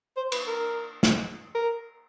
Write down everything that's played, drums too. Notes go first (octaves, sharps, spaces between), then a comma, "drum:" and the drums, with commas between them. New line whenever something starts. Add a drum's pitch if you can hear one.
C5
B4, drum: cymbal
A#4
drum: snare
A#4